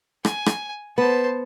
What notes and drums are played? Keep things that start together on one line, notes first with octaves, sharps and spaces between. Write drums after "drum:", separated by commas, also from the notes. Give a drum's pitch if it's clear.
G#5, drum: rim click
drum: rim click
B3 B4 C5 A5